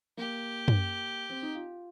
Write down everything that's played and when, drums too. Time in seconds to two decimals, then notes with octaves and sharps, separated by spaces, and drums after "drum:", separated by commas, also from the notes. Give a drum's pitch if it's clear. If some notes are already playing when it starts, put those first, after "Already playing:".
0.17 A#3 G4
0.68 drum: tom
1.30 C4
1.42 D#4
1.55 F4